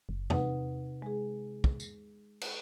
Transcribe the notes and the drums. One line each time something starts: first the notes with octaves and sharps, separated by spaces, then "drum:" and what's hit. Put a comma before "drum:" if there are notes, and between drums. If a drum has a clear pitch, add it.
F#1
C3 D#4 B4 F#5, drum: tom E2
G#3 G#4
drum: kick
drum: tambourine
drum: cymbal